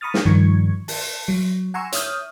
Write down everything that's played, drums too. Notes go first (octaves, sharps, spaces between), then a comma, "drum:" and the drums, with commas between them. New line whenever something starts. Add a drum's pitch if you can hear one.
A#5 B5 C#6 D#6 F6 A6
drum: snare
G2 D#3 F3 C#6 G#6
A5, drum: open hi-hat
F#3
F#5 G#5 A#5 C6 C#6 E6
C#5 E5 D#6 F6 G6, drum: hi-hat